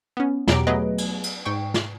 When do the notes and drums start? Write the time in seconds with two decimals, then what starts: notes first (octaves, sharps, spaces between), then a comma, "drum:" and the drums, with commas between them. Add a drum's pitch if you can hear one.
0.17 B3 C#4
0.48 E2 B2 F#3 G4 A#5 D7, drum: snare
0.67 F#3 A3 B3 G#4 B4 D#5
0.98 drum: cymbal
1.24 drum: cymbal
1.45 G#2 G5 C#6
1.74 drum: snare